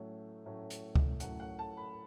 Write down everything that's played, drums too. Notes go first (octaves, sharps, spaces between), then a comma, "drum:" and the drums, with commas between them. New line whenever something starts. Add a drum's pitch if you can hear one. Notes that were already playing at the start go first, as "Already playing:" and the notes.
Already playing: A2 F#3 A3 C#4
A2 F#3 A3 C#4
drum: hi-hat
drum: kick C#2
A2 F#3 A3 C#4 F#5, drum: hi-hat
F#5
A5
B5